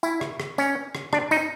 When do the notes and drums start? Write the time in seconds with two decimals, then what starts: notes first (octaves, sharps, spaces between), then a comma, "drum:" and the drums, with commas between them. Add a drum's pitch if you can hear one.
0.03 E4, drum: tambourine
0.21 drum: rim click
0.40 drum: rim click
0.58 C#4, drum: tambourine
0.95 drum: rim click
1.13 D4, drum: rim click
1.31 D#4, drum: tambourine